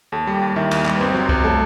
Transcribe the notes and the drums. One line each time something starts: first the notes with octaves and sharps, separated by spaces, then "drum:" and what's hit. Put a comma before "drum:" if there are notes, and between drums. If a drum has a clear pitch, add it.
D#2 A4 A5
G3
G4 G5
D#2
D#3 E4 E5
D#2, drum: cymbal
G3, drum: clap
B4
G1 C4 C5
F#3
G1, drum: kick C2
A3 A4